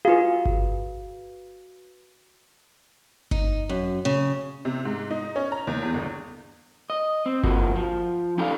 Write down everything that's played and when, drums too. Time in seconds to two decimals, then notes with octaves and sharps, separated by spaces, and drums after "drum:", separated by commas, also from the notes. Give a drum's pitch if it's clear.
0.05 F4 F#4 G#4 B4 F5
0.45 drum: kick G1
3.31 D#4, drum: kick G1
3.69 F#2
4.05 C#3
4.65 C3
4.85 G#2
5.11 D#4
5.36 C#4
5.52 A#5
5.67 D#2
5.82 E2
5.94 G1
6.90 D#5
7.26 C4
7.43 F3 A#3 F#4, drum: kick G1
7.76 F3
8.38 C#4 D#4 G4 A4 D5 F5